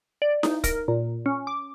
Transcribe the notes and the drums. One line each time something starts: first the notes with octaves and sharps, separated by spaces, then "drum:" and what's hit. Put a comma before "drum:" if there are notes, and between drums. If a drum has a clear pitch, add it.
D5
D#4, drum: snare E4
A#4, drum: kick, hi-hat
A#2
C#4
D6